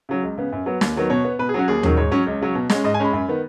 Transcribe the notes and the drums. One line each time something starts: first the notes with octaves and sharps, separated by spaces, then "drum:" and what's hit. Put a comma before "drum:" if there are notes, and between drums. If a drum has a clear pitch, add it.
C#3 F#3
C#2
C#3 B3
F#2
F#3 B3
D#2, drum: snare
D#3 F#3 B3
B2 C#5
B3
B2 B4
G#4
F#3 C#4 F#4
D#2 G#4
D#3 F#3 C#4, drum: tom D#2
G#2 C#5
F#3 C#4
C#2
C#3 F#3 C#4
B2
G#3 C#4, drum: snare
G#2 D#5
G#5
G#3 C#4 B5
F#2
D#3 B3